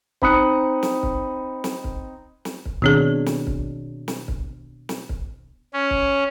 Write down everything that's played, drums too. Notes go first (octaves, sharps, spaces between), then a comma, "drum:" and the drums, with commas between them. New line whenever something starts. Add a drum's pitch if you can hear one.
C4 D#4 B5 D#6 F#6 C#7, drum: kick
drum: snare
drum: kick
drum: snare
drum: kick
drum: snare
drum: kick
B2 D#3 C4 D4 G#4 C#5
drum: snare
drum: kick
drum: snare
drum: kick
drum: snare
drum: kick
C#4
drum: kick